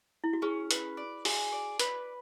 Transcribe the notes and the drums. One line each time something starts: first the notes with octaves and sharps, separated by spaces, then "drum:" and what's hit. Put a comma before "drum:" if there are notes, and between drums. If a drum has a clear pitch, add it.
E4
F#4
C#4 G#4
B4, drum: hi-hat
D5
F#4 G#4, drum: open hi-hat
D5
B4, drum: hi-hat